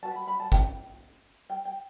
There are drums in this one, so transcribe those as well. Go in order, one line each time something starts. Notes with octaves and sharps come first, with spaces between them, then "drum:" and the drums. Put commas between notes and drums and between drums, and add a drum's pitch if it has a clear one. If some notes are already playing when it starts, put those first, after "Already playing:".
F#4 B4 A5
B5
B5
A5
G5, drum: kick
G5
G5